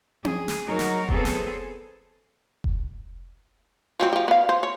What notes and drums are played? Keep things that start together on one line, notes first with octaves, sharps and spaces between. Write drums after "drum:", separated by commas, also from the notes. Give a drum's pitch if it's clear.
G#4, drum: tom C4
drum: snare
F#3 D#4 F#4 A#4
drum: snare
E3 F#3 B3 C4 G#4 A4, drum: kick F1
drum: snare
drum: kick F1
F3 F#3 C4
F3 G4
B3 F5
C5
C#5